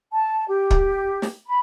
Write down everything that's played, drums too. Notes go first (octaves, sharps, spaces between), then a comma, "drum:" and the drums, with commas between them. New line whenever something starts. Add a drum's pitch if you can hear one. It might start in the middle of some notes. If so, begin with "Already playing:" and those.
A5
G4
drum: kick
drum: snare
B5